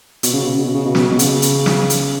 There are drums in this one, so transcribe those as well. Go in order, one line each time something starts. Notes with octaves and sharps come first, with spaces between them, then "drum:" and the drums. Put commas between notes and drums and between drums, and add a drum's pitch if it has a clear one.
B2, drum: hi-hat
C#3
B2
C#3
B2
C#3
B2
drum: snare
B2
C#3, drum: hi-hat
drum: hi-hat
drum: snare
drum: hi-hat